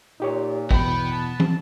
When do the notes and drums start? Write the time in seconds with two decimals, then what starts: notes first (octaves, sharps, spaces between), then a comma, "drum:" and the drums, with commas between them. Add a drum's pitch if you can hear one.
0.20 A#2 D#4 G4 C#5
0.71 E2 B2 B3 G5 B5, drum: kick A1
1.11 A5
1.40 drum: tom